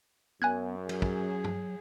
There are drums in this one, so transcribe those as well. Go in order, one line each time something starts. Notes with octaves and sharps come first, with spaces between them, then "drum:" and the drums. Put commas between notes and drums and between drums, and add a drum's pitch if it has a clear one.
F#2 B3 G#5 F#6 G#6
F#3 G#4, drum: cymbal
drum: kick
drum: tom